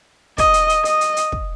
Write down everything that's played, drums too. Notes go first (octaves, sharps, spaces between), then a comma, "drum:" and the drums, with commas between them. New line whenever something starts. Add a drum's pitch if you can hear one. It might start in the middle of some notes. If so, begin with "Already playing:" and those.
D#5, drum: kick, hi-hat
drum: hi-hat
drum: hi-hat
D#5, drum: hi-hat
drum: hi-hat
drum: hi-hat
drum: kick